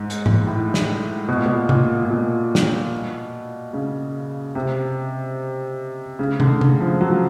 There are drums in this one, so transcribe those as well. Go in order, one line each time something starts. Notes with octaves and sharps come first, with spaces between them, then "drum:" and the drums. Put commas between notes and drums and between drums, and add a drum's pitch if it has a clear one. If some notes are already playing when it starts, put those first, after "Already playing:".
Already playing: G#2
drum: hi-hat
drum: tom G#2
A2
drum: snare
B2
A#2
B2
A#2, drum: tom
A#2
B2
drum: snare
C#3
C3
C#3
D3, drum: tom
drum: tom
F3
F#3